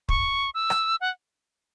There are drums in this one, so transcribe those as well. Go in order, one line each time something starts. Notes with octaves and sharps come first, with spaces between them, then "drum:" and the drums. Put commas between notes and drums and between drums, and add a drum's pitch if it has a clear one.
C#6, drum: kick
E6
drum: rim click
F#5